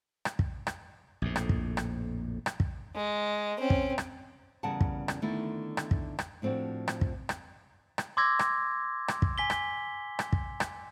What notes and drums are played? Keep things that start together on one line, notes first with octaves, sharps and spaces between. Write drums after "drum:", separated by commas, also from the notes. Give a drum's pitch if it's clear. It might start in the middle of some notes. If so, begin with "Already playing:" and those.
drum: rim click
drum: kick
drum: rim click
A#1 F2 A2
drum: rim click
drum: kick
drum: rim click
drum: rim click
drum: kick
G#3
C4 C#4
drum: kick
drum: rim click
E2 C#3 G3 A#4 F#5 A5
drum: kick
drum: rim click
D3 D#3 A3 B3 E4
drum: rim click
drum: kick
drum: rim click
A2 F3 C4 D4 F#4
drum: rim click
drum: kick
drum: rim click
drum: rim click
C6 D6 E6 G#6 A#6
drum: rim click
drum: rim click
drum: kick
G#5 B6 G7
drum: rim click
drum: rim click
drum: kick
drum: rim click